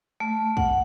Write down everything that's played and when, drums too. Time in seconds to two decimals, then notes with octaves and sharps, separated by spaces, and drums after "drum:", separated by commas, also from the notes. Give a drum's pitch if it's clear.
0.20 A3
0.57 F#5, drum: kick